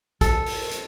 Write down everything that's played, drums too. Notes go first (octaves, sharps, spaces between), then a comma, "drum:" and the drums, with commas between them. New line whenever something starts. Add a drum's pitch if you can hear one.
A4, drum: kick, hi-hat
drum: open hi-hat
drum: hi-hat